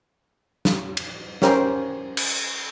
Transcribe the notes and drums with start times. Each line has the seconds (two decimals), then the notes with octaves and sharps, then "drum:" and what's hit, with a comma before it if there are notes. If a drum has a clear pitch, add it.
0.65 drum: snare
0.97 drum: cymbal
1.42 C#4 G4 A#4 C5, drum: snare
2.17 drum: cymbal